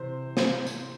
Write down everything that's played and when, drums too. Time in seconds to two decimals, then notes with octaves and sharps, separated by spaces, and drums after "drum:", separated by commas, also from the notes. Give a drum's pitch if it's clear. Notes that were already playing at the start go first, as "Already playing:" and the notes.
Already playing: C3 E3 C5
0.37 C5, drum: snare
0.67 drum: tambourine